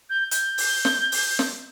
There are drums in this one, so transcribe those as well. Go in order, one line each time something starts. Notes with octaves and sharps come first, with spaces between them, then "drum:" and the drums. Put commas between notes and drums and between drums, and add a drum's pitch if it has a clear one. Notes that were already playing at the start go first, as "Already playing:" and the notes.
G6
G6, drum: hi-hat
drum: open hi-hat
drum: snare
drum: open hi-hat
drum: snare